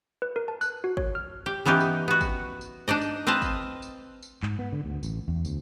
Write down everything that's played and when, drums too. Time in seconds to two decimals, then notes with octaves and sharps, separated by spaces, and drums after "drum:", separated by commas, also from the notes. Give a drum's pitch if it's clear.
0.22 B4
0.36 A#4
0.48 A5
0.61 F#6, drum: tambourine
0.84 F#4
0.97 C#5, drum: kick
1.15 F6
1.46 G4
1.65 E3 B3 C#4 D#4 G4
1.80 drum: tambourine
2.08 B3 F#4
2.21 drum: kick, tambourine
2.61 drum: tambourine
2.88 D4 D#4 D5 D#5
3.01 drum: tambourine
3.27 C4 B4 D#5 F5 A5
3.42 drum: kick, tambourine
3.82 drum: tambourine
4.23 drum: tambourine
4.43 G#2, drum: clap
4.59 B3
4.73 D3
4.85 D2
5.03 A1, drum: tambourine
5.28 E2
5.45 D2, drum: tambourine